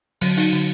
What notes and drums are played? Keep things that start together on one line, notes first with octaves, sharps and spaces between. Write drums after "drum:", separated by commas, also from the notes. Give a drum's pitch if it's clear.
D3 F#3, drum: open hi-hat
D#4, drum: open hi-hat
D3